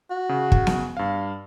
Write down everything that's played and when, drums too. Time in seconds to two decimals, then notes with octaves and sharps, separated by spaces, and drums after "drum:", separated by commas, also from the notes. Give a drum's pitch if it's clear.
0.10 F#4
0.29 C#3
0.52 drum: kick
0.67 drum: snare B3
0.97 G2 F5